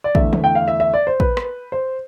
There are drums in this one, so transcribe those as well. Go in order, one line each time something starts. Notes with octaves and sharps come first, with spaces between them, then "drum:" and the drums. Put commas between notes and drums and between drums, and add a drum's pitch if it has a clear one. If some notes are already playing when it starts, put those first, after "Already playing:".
D5
E2 D3 A3 E5, drum: kick
drum: tom
G5
F5
E5
E5
D5
C5
B4, drum: kick
drum: rim click
C5